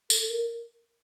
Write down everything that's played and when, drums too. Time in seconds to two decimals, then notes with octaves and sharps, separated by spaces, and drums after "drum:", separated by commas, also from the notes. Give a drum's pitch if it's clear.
0.10 A4, drum: tambourine
0.22 A4
0.30 A#4